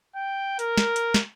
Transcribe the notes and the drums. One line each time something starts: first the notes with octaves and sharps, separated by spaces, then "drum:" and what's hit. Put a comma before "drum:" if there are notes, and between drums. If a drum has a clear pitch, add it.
G5
A#4, drum: hi-hat
drum: snare
drum: hi-hat
drum: snare